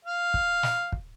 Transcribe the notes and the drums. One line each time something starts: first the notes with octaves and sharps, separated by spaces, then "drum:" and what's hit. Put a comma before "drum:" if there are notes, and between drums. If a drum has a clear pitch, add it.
F5
drum: kick
drum: snare
drum: kick